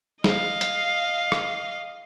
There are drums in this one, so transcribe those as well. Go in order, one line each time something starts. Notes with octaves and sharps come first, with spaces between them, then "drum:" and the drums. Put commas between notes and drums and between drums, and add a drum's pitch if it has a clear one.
D#5 F5, drum: snare
drum: hi-hat
drum: rim click